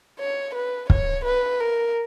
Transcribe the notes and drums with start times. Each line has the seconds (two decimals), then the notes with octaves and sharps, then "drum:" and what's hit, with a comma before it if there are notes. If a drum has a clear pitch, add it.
0.19 C#5
0.55 B4
0.90 C#5, drum: kick
1.25 B4
1.60 A#4